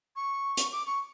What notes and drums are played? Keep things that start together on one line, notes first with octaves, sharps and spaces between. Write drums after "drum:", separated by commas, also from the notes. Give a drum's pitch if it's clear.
C#6
drum: hi-hat
D6
C#6